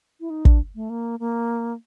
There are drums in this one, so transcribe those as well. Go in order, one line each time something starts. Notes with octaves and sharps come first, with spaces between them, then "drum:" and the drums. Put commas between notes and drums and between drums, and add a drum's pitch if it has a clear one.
E4
D#4
D4, drum: kick
A3
A#3
A#3